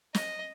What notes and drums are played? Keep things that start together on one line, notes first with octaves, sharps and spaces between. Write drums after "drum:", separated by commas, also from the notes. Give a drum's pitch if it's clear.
D#5, drum: snare